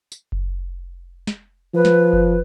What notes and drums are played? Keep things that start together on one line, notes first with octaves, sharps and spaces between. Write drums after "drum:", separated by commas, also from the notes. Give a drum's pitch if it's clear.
drum: tambourine
drum: kick F#1
drum: snare
F3 B4
drum: snare
drum: kick F#1